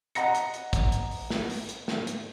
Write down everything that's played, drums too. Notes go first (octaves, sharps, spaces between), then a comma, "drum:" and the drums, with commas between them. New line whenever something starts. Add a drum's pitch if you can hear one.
D#5 F#5 A#5 A#6 C#7, drum: hi-hat
drum: hi-hat
drum: hi-hat
drum: kick, hi-hat
drum: hi-hat
drum: open hi-hat
drum: snare
drum: open hi-hat
drum: hi-hat
drum: snare
drum: hi-hat